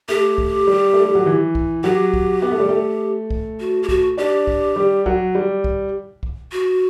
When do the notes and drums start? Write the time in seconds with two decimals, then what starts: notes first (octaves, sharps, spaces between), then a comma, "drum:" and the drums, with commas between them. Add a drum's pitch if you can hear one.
0.08 A3 G4
0.38 drum: kick
0.67 G3
0.93 A3
1.05 G3
1.15 F#3
1.26 E3
1.55 drum: kick
1.84 F#3 G4
2.14 drum: kick
2.42 B3
2.51 A3
2.60 G3
2.69 A3
3.30 drum: kick
3.60 F#4
3.83 G4
3.89 F#4, drum: kick
4.18 D4 G4
4.47 drum: kick
4.76 G3
5.06 F#3, drum: kick
5.35 G3
5.64 drum: kick
6.23 drum: kick
6.52 F#4